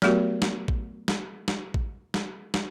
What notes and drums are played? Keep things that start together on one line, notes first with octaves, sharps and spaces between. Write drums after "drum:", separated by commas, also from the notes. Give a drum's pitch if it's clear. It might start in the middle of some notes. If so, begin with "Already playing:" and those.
F#3 A3 B3 F#4 G4 A#4, drum: snare
drum: snare
drum: kick A1
drum: snare
drum: snare
drum: kick A1
drum: snare
drum: snare